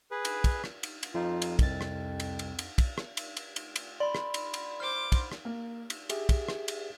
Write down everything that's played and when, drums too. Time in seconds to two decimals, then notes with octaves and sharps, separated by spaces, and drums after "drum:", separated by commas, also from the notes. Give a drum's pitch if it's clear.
0.11 G#4 B4
0.25 drum: cymbal
0.44 drum: kick, cymbal
0.64 drum: rim click
0.83 drum: cymbal
1.03 drum: cymbal
1.14 F2 D#4 F4
1.42 drum: cymbal
1.59 C2 F2 A6, drum: kick, cymbal
1.81 drum: rim click
2.20 drum: cymbal
2.39 drum: cymbal
2.59 drum: cymbal
2.78 drum: kick, cymbal
2.98 drum: rim click
3.17 drum: cymbal
3.37 drum: cymbal
3.56 drum: cymbal
3.76 drum: cymbal
4.00 D5 B5 C6
4.15 drum: rim click
4.34 drum: cymbal
4.54 drum: cymbal
4.80 C5 D6 F6
5.12 drum: kick, cymbal
5.32 drum: rim click
5.45 A#3
5.90 drum: cymbal
6.10 G4 G#4 E5, drum: cymbal
6.29 drum: kick, cymbal
6.48 drum: rim click
6.68 drum: cymbal